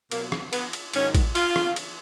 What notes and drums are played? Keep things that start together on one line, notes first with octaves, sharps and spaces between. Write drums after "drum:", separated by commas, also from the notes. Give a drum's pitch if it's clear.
B2 F#3 A#3, drum: cymbal
drum: rim click
B3, drum: cymbal
drum: cymbal
G#2 D#3 F#3 C#4, drum: cymbal
drum: kick A1, cymbal
F4, drum: cymbal
drum: rim click
drum: cymbal